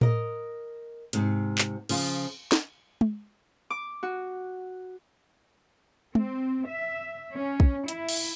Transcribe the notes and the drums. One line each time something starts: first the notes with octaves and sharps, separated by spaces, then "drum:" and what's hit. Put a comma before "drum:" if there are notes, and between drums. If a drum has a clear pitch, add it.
A#4 D#5, drum: tom A2
G#2 C3, drum: hi-hat
drum: clap
C#3 F3 F4, drum: cymbal
drum: snare
drum: tom
D6
F#4
C4, drum: tom
E5
C#4
drum: kick
E4, drum: hi-hat
drum: cymbal